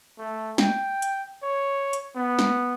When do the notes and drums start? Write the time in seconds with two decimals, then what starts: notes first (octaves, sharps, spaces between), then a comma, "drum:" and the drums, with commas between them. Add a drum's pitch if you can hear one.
0.18 A3
0.58 G5, drum: snare
1.02 drum: hi-hat
1.43 C#5
1.93 drum: hi-hat
2.16 B3
2.39 drum: snare